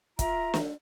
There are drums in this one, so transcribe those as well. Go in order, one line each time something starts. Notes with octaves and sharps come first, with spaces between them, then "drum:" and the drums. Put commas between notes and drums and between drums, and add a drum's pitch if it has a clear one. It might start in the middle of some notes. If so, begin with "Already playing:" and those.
F4 E5 A#5, drum: kick, hi-hat
drum: snare